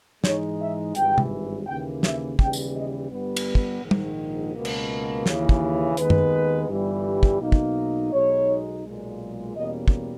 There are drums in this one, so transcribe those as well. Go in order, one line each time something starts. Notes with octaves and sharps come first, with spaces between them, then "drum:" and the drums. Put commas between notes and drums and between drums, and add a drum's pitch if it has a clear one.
G#2 E3 G#3 D#4 C#5, drum: snare
E5
G#1 G2 E3 G5, drum: hi-hat
drum: tom
D#2 C#3 E3 A#3 G5
E5, drum: snare
D#2 C#3 E3 G3 B3 G5, drum: kick
drum: tambourine
D#5
G1 G2 G3 B3
drum: cymbal
drum: kick
A#1 G#2 D#3
drum: tom
C#2 B2 A#3
drum: cymbal
D#2 C#3 E3, drum: snare
drum: kick
D#2 D#3 G#3 B3 D#4 B4, drum: hi-hat
drum: tom F#2
G1 G2 E3 G3
drum: kick
B1 B2 A#3 D#4
drum: kick
B1 B2 G#3 D#4 C#5
B1 A#2 G#3
E2 B2 G3 A#3 C#4 D#5
drum: kick